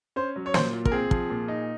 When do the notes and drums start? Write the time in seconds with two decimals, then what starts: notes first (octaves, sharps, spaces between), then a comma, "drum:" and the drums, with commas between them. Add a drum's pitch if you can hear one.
0.16 C#4 C5
0.36 F#3
0.46 C#5
0.54 A#2 C5, drum: snare
0.73 F4
0.85 A#4, drum: kick
0.92 C4 G#4
1.11 F3, drum: kick
1.30 A#2
1.48 D#4